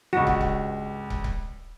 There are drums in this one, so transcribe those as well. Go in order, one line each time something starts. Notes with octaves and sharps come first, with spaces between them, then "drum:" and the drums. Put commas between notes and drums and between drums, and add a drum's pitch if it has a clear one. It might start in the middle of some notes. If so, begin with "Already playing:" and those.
C#2 G2 F#4
drum: kick
drum: kick
drum: kick
drum: kick